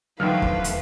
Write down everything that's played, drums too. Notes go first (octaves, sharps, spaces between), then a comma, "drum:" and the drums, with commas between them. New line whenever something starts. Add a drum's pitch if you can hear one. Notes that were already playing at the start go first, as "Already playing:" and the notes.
D3 D#3 F3 F#3 A3 B4 F5 F6
drum: kick E2
drum: hi-hat